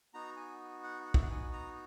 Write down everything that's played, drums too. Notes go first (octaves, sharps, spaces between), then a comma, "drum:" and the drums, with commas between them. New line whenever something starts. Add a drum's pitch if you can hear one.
B3 D#4 F#4 A#5
G#5
F#5
F#5
E5, drum: kick
F#5
G#5
A#5